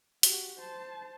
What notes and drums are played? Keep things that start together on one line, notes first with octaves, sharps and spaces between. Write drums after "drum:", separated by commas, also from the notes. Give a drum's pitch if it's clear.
F#4 G4, drum: hi-hat
C5 A5